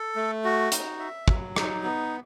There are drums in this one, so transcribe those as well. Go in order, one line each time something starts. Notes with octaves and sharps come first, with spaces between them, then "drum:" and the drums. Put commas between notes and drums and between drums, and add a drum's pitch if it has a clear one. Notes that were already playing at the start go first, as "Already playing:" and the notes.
Already playing: A4
A3
F#4
D#4, drum: hi-hat
E5
F#3, drum: kick
D#4, drum: rim click
B3